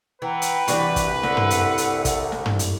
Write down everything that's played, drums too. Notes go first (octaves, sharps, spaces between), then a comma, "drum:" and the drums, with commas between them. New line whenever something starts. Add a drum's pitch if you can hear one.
E3 B4 F#5 G5 A#5
drum: hi-hat
C2 E3 D4 F#4 G4, drum: hi-hat
drum: kick, hi-hat
D3 F#5 E6, drum: snare
drum: tom
drum: hi-hat
drum: hi-hat
drum: kick, hi-hat
drum: snare
drum: tom
drum: hi-hat